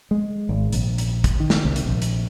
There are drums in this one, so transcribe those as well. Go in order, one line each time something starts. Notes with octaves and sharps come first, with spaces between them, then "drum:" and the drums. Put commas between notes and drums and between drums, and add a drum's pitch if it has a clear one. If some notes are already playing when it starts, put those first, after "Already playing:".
G#3
G#1
A#1, drum: hi-hat
drum: hi-hat
drum: kick, hi-hat
D#3
drum: snare
C2
drum: hi-hat
A#1
drum: hi-hat